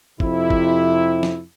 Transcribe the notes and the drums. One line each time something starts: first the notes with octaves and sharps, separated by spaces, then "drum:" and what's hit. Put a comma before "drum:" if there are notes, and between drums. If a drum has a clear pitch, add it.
F2 C3 E4, drum: kick
drum: kick
drum: snare